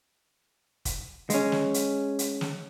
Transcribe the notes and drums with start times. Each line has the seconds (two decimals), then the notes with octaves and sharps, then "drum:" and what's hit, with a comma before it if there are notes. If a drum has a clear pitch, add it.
0.85 drum: kick, hi-hat
1.30 G#3 C#4, drum: hi-hat
1.52 drum: snare
1.74 drum: hi-hat
2.19 drum: hi-hat
2.41 drum: snare